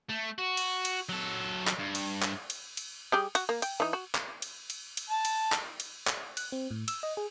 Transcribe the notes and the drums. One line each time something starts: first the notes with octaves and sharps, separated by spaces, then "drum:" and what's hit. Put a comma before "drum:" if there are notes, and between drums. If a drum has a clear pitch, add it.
A3
F#4
drum: cymbal
drum: cymbal
F#3 A4
drum: clap
G2
drum: cymbal
drum: clap
drum: cymbal
drum: cymbal
G3 G4 G#4
F#4, drum: cymbal
A#3
G5, drum: cymbal
E3 D#4
F#4
drum: clap
drum: cymbal
drum: cymbal
drum: cymbal
A5
drum: cymbal
drum: clap
drum: cymbal
drum: clap
F#6, drum: cymbal
C4
A2
E6, drum: cymbal
D#5
G#4